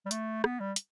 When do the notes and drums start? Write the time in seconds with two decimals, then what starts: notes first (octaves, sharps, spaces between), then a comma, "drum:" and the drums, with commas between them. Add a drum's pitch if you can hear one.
0.06 G3
0.11 A3, drum: hi-hat
0.44 B3, drum: rim click
0.60 G3
0.76 drum: hi-hat